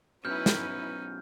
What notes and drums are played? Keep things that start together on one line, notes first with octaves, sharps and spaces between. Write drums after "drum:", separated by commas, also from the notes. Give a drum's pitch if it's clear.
F#2 B2 C#4 D#4 E4 B4 F6 G6
drum: snare